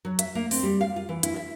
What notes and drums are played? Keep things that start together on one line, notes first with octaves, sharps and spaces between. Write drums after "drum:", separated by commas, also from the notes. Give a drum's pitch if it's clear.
F#3
E5, drum: hi-hat
A#3
C4, drum: open hi-hat
G3
F5
F4
E3
E4, drum: hi-hat
E5